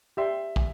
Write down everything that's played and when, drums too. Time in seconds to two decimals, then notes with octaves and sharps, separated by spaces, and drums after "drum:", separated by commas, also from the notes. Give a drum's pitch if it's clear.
0.17 G4 D5 E5 G5 C6
0.56 drum: kick